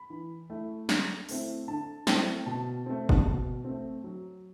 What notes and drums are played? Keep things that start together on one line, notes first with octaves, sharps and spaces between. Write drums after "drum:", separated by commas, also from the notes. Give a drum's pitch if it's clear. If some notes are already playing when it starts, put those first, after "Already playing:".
Already playing: B5
E3
A3 E4
D3, drum: snare
A3 C4 E4, drum: open hi-hat
D3 A5
A3 C4 E4 G5, drum: snare
B2 A5
A3 C4
drum: kick G1
B2
A3 C4
F#3